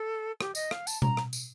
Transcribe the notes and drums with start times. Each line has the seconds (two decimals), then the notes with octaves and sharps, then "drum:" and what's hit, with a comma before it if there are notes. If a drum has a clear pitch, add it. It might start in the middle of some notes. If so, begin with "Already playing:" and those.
Already playing: A4
0.41 G4, drum: rim click
0.55 D#5, drum: tambourine
0.71 F5, drum: rim click
0.87 A5, drum: tambourine
1.02 A#5, drum: tom B2
1.17 drum: rim click
1.33 drum: tambourine